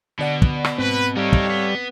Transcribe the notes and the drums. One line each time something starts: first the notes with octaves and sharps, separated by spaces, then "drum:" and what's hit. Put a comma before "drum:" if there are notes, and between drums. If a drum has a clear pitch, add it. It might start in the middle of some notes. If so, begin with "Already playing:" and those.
B2 D3 D5 F#5
drum: kick
drum: rim click
G#2 C4 B4
G3 D#4 G4 A4 C#5 F5
drum: kick
B3